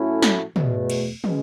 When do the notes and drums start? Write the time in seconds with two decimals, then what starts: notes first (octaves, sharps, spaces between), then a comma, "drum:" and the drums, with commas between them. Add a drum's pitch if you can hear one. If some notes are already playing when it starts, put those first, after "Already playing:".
Already playing: A2 F#3 A3 C#4 E4
0.22 drum: snare
0.56 E2 B2 A3, drum: tom
0.90 drum: cymbal
1.24 B2 G#3 C#4, drum: tom